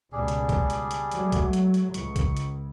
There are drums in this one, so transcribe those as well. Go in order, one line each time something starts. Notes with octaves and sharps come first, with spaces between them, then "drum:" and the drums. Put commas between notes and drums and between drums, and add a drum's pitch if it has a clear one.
C#2 B2 G3 D4 G#4
drum: hi-hat
drum: kick B1, hi-hat
drum: hi-hat
drum: hi-hat
F#3 G#3 A3, drum: hi-hat
drum: kick B1, hi-hat
drum: hi-hat
drum: hi-hat
C#2 C#6, drum: hi-hat
drum: kick B1, hi-hat
drum: hi-hat